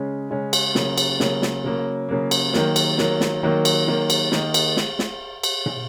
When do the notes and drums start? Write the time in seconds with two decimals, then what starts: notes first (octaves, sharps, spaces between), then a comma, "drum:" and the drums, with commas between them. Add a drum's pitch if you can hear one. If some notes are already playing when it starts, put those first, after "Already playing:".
Already playing: C#3 G#3 C#4
0.30 C#3 G#3 C#4
0.53 drum: cymbal
0.75 C#3 F#3 A#3, drum: snare
0.98 drum: cymbal
1.20 C#3 F#3 A#3, drum: snare
1.42 drum: snare
1.64 C#3 F#3 A#3
2.09 C#3 F#3 A#3
2.31 drum: cymbal
2.53 D#3 F#3 A#3, drum: snare
2.76 drum: cymbal
2.98 D#3 F#3 A#3, drum: snare
3.21 drum: snare
3.43 D#3 F#3 A#3
3.65 drum: cymbal
3.87 D#3 F#3 A#3
4.10 drum: cymbal
4.32 D#3 A#3 D#4 A#4, drum: snare
4.54 drum: cymbal
4.77 drum: snare
4.99 drum: snare
5.44 drum: cymbal
5.66 drum: tom